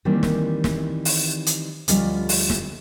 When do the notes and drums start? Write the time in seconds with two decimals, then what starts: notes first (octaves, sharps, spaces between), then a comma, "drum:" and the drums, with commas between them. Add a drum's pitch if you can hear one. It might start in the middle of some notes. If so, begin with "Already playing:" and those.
0.05 D#3 E3 G3 A#3 C4
0.23 drum: snare
0.64 drum: snare
1.05 drum: open hi-hat
1.46 drum: hi-hat
1.88 D2 F3 G3 C#4 F4 D#5, drum: hi-hat
2.29 drum: open hi-hat
2.50 drum: snare